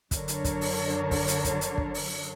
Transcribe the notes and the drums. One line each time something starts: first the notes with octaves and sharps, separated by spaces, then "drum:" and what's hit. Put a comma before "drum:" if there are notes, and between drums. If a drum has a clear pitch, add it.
F#2 D3 F#3 D4 A#4 C#5, drum: kick, hi-hat
drum: hi-hat
drum: kick, hi-hat
drum: open hi-hat
drum: kick, open hi-hat
drum: hi-hat
drum: kick, hi-hat
drum: hi-hat
drum: kick
drum: open hi-hat